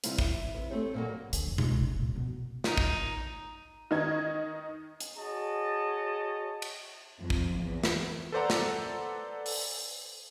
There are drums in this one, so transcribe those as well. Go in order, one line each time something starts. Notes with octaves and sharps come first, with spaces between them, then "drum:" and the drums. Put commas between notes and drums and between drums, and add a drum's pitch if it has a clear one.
C3 G3 C4 E4 F4 C5, drum: hi-hat
E4, drum: kick
C3 B4
A3 C4 G4 C#5
A#2 D3 F#3 G3 A#3
D3, drum: hi-hat
F2
C#2, drum: tom B2
C#3
A#2
B2
D#4, drum: snare
drum: kick
D#3 D#4 G#6
drum: hi-hat
F#4 G#4 C#5 D#5 A5
drum: cymbal
F2
drum: kick
E2
drum: snare
A4 B4 C5 D5 F#5 A#5
drum: snare
drum: open hi-hat